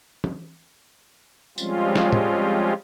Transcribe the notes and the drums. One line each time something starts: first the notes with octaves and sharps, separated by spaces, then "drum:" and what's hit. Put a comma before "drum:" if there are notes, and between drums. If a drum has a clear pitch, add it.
drum: tom
F3 G3 G#3 C4 C#4 F4, drum: tambourine
drum: snare
drum: tom